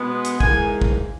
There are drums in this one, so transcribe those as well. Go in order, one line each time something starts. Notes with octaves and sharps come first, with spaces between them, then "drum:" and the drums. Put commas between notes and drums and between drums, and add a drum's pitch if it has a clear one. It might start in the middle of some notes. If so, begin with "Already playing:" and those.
Already playing: B2 G#3 B3
drum: hi-hat
G#2 E3 A#3 G#5, drum: kick
drum: kick